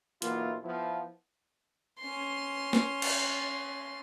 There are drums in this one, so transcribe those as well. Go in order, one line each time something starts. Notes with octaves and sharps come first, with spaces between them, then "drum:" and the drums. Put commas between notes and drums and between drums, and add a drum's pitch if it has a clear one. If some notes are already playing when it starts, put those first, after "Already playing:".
B1 E3 A#3 B3 E4 F4, drum: hi-hat
F3 B3 E4
C#4 C6
drum: snare
drum: cymbal